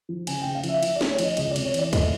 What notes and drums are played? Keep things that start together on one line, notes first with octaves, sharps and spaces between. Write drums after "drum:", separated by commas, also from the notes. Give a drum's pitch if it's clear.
F3
C#3 G#5, drum: cymbal
C#3 G5
F5
F3 E5, drum: cymbal
F3 E5, drum: cymbal
D5
A3, drum: snare
C#5
F3, drum: cymbal
D#5
C#2 D#5, drum: cymbal
D5
C3, drum: cymbal
C#5
E3 D5, drum: cymbal
A3 D#5, drum: kick, cymbal